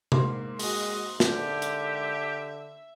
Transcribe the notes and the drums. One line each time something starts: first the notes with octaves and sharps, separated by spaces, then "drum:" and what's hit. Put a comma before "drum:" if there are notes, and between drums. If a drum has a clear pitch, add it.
G#2 A#3 C6, drum: tom C3
G#3 F#4 D#5, drum: open hi-hat
D3 G4 E5, drum: snare
drum: hi-hat